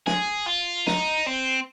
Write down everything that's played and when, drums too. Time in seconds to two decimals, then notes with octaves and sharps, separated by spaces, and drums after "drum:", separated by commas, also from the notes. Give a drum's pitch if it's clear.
0.07 G#4, drum: snare
0.47 F4
0.87 D#4, drum: snare
1.27 C4